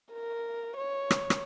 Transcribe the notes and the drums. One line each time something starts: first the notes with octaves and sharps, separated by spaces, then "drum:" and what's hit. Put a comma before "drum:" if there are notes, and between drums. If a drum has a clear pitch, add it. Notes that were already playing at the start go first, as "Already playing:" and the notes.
A#4
C#5
drum: rim click
drum: rim click